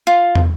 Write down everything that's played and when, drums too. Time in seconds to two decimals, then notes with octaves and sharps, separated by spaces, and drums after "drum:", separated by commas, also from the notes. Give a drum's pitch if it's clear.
0.07 F4
0.35 drum: tom